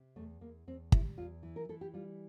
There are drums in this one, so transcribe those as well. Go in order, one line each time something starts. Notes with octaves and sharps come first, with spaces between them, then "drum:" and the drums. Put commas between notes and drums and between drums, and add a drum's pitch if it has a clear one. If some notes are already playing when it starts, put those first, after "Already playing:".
Already playing: C3
E2 A3
E2 A#3
E2 C4
G3 E4, drum: kick
E2 F4
E3
A#4
E3 A4
G4
G3 F4